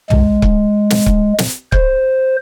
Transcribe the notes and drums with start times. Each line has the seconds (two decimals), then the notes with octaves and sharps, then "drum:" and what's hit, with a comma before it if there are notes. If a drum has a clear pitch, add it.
0.10 G#3, drum: tom
0.42 drum: kick C#1
0.90 drum: snare
1.06 drum: kick C#1
1.38 drum: snare
1.72 C5, drum: kick C#1